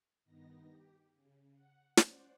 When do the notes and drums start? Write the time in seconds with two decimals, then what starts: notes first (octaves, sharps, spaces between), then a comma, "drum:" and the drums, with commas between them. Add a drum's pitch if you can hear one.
0.25 G2 D#3 B3 D#4 A#6
0.66 G4
1.13 C#3
1.55 F#5
1.97 C#4 C5 D5 F#5, drum: snare